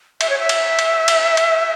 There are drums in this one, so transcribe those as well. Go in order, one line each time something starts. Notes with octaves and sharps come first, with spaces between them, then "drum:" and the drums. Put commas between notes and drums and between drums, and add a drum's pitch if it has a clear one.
E5, drum: cymbal
C#5
E5
drum: cymbal
drum: cymbal
drum: cymbal
drum: cymbal